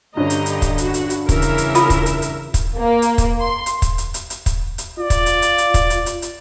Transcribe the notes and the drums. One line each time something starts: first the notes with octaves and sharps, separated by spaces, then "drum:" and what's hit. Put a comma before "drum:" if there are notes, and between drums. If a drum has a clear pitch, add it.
G2 D3 C#4 G4 D#5 A#5
drum: hi-hat
drum: hi-hat
drum: kick, hi-hat
F#4, drum: hi-hat
drum: hi-hat
drum: hi-hat
C#3 E3 A#4 E5, drum: kick, hi-hat
drum: hi-hat
drum: hi-hat
F4 B5, drum: hi-hat
drum: kick, hi-hat
drum: hi-hat
drum: hi-hat
drum: kick, hi-hat
A#3
drum: hi-hat
drum: kick, hi-hat
C6
drum: hi-hat
drum: kick, hi-hat
drum: hi-hat
drum: hi-hat
drum: hi-hat
drum: kick, hi-hat
drum: hi-hat
F4 D5
drum: kick, hi-hat
drum: hi-hat
drum: hi-hat
drum: hi-hat
drum: kick, hi-hat
drum: hi-hat
drum: hi-hat
drum: hi-hat